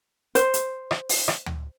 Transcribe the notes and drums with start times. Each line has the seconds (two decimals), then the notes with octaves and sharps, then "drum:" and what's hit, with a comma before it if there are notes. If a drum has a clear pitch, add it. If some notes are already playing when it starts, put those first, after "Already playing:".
0.35 C5, drum: hi-hat
0.54 drum: hi-hat
0.91 drum: rim click
1.09 drum: open hi-hat
1.28 drum: rim click
1.46 drum: tom D2